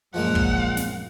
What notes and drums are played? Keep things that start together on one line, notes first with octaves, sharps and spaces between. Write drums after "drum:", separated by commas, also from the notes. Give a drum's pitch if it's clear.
F#2 A#2 F3 G#3 A#3 F#5
drum: kick
drum: snare